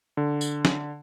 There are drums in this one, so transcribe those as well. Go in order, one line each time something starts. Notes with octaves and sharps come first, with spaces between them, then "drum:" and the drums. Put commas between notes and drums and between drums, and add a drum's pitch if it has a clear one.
D3
drum: tambourine
drum: snare